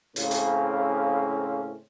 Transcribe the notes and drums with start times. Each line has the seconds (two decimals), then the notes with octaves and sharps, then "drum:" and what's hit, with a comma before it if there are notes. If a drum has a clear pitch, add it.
0.16 A2 C#3 A#3 C4 C#4, drum: hi-hat
0.31 drum: hi-hat